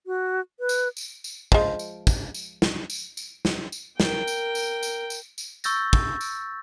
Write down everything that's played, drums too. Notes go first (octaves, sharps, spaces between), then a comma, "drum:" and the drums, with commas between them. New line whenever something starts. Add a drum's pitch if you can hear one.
F#4
B4
drum: tambourine
drum: tambourine
drum: tambourine
F3 G#3, drum: kick
drum: tambourine
drum: kick, tambourine
drum: tambourine
drum: snare
drum: tambourine
drum: tambourine
drum: snare
drum: tambourine
A#4 G5, drum: snare
drum: tambourine
drum: tambourine
drum: tambourine
drum: tambourine
drum: tambourine
C#6 E6 G6 A6 A#6, drum: tambourine
drum: kick
drum: tambourine